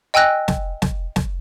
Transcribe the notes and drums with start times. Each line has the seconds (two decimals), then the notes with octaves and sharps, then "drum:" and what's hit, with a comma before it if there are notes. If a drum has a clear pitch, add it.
0.14 D#5 G5 G#5 E6 F#6 A#6
0.48 drum: snare
0.82 drum: snare
1.16 drum: snare